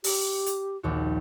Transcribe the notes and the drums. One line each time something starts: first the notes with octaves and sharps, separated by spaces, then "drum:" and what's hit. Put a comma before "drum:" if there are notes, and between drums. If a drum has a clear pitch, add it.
G4, drum: open hi-hat
drum: hi-hat
A#1 D#2 F#4